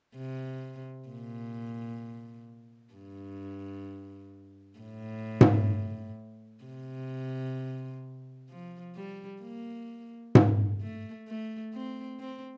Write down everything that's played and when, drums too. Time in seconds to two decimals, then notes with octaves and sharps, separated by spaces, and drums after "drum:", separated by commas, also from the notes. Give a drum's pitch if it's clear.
0.16 C3
1.09 A#2
2.94 G2
4.79 A2
5.41 drum: tom G#2
6.64 C3
8.49 F3
8.95 G3
9.42 A#3
10.35 drum: tom G#2
10.82 A3
11.28 A3
11.74 C4
12.20 C4